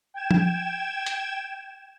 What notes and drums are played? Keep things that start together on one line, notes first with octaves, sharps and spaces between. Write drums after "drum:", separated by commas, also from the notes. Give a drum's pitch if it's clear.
G5 G#6 E7
drum: tom F3
drum: hi-hat